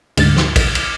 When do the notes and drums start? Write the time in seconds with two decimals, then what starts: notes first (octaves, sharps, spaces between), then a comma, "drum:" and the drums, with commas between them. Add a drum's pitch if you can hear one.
0.17 D2 G#2 A6, drum: cymbal
0.37 drum: snare
0.56 drum: kick, cymbal
0.75 drum: cymbal